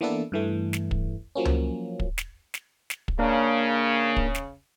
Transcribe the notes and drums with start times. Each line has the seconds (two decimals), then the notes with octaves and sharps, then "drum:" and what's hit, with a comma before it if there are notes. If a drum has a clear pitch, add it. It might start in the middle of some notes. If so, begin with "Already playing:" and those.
0.01 E3 A#3 B3 D4 E4 A4
0.32 G2 E3 A3
0.73 drum: snare
0.91 drum: kick
1.35 F3 F#3 A#3 C#4
1.45 drum: tom C#2
2.00 drum: kick
2.18 drum: snare
2.54 drum: snare
2.90 drum: snare
3.08 drum: kick
3.19 C#3 A#3 D4 A#4
4.16 drum: kick
4.35 drum: snare